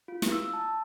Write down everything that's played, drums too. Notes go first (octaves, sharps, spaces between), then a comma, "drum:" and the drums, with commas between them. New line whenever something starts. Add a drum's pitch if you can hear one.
F4
drum: snare
E6
A5